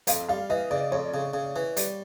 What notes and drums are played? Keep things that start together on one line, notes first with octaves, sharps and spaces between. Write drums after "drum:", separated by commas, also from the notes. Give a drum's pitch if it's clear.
F2 F5, drum: hi-hat
G3 F5
E3 D#5
C#3 D5
F2 C#5
C#3
C#3
E3
G3, drum: hi-hat